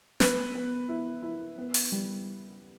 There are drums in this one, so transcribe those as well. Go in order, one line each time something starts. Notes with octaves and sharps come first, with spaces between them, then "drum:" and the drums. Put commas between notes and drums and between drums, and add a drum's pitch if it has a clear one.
B3 B4, drum: snare
B3
E4
E4
B3
drum: open hi-hat
G3